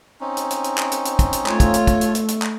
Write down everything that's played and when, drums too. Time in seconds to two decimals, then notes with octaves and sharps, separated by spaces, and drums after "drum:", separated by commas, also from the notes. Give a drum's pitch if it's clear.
0.21 C4 C#4 D#4
0.37 drum: hi-hat
0.51 drum: hi-hat
0.64 drum: hi-hat
0.78 drum: clap
0.92 drum: hi-hat
1.05 drum: hi-hat
1.19 drum: kick, hi-hat
1.33 drum: hi-hat
1.46 A3 F4 C#5, drum: clap
1.60 drum: kick, hi-hat
1.74 drum: hi-hat
1.87 drum: kick, hi-hat
2.01 drum: hi-hat
2.15 drum: hi-hat
2.28 drum: hi-hat
2.42 drum: clap